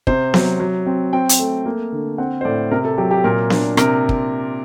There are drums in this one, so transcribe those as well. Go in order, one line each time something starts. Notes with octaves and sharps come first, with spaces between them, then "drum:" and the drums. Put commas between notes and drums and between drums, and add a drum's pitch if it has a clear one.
C3 C5, drum: kick
F#3, drum: snare B3
F#3
C4
C4 G5
drum: hi-hat
A3
A#3
D3
C4 F#5
C5
A2 D5
C3 A#4
A4
F#3 G4
G4
A#2 A#4
D4, drum: snare B3
C3 A#4, drum: rim click
drum: kick